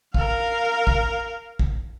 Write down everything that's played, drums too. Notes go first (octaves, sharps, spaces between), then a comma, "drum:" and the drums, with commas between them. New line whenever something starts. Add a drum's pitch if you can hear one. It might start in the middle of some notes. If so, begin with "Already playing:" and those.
A#4 F5, drum: kick
drum: kick
drum: kick